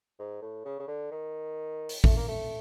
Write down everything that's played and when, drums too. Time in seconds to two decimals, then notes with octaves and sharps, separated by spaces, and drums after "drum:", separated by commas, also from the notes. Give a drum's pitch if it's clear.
0.19 G#2
0.42 A2
0.65 C#3
0.80 C#3
0.88 D3
1.11 D#3
1.89 drum: open hi-hat
2.04 A3, drum: kick A1
2.16 A#3
2.28 A3